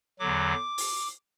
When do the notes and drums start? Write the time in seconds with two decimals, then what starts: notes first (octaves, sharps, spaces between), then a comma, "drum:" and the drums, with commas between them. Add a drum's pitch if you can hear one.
0.19 E2 D3 F#3 D6
0.78 drum: open hi-hat